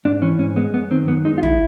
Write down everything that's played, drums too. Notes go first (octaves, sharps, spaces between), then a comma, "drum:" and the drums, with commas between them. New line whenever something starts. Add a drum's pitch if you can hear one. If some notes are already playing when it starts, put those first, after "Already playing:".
G#2 D4
E3 C#4
G#2 C#4
G#3 B3
F#2 B3
D#3 C4
F#2 B3
G#3 D#4
F4
E4, drum: tom